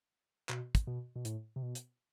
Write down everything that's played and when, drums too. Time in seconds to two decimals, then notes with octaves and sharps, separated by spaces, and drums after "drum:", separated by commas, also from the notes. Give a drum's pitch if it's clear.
0.49 B2, drum: clap
0.75 drum: kick, hi-hat
0.87 B2
1.16 B2
1.25 A2, drum: hi-hat
1.56 C3
1.62 B2
1.75 drum: hi-hat